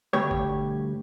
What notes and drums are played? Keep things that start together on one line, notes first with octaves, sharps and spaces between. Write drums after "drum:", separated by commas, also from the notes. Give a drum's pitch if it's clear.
D2 G2 B2 G3 G4 C#5
drum: kick